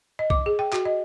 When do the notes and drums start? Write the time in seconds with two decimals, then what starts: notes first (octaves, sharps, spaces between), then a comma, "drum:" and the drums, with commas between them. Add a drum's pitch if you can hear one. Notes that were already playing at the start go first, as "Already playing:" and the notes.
0.19 D#5
0.30 D6, drum: kick
0.46 G#4
0.59 G5
0.73 F#4, drum: clap
0.85 D#5